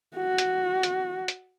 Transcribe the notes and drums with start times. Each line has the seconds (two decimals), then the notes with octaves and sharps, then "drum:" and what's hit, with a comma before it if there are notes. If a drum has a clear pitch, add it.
0.16 F#4
0.38 drum: hi-hat
0.83 drum: hi-hat
1.28 drum: hi-hat